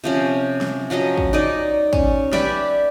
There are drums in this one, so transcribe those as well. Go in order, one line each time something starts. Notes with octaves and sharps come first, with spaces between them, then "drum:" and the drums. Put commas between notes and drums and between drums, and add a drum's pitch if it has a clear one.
C3 F3 C#4
drum: snare
F3 F#3 C#4 D#5
drum: kick
D#4 D5 D#5
C#4, drum: kick
G4 B4 D5 E5, drum: snare